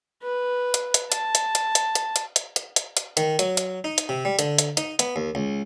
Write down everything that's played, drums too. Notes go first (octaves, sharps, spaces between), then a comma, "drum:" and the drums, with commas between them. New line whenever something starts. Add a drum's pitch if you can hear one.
B4
drum: hi-hat
drum: hi-hat
A5, drum: hi-hat
drum: hi-hat
drum: hi-hat
drum: hi-hat
drum: hi-hat
drum: hi-hat
drum: hi-hat
drum: hi-hat
drum: hi-hat
drum: hi-hat
D#3, drum: hi-hat
F#3, drum: hi-hat
drum: hi-hat
D#4
drum: hi-hat
C3
G3
D3, drum: hi-hat
drum: hi-hat
D#4, drum: hi-hat
B3, drum: hi-hat
D#2
C#2